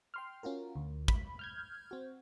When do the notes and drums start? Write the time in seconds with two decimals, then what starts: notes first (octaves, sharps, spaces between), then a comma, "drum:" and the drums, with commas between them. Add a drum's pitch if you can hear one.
0.14 G5 C6 F6
0.43 C#4 F4 F#4 A#4
0.76 D2
1.08 B5, drum: kick
1.39 F6 G6 G#6
1.91 C4 F#4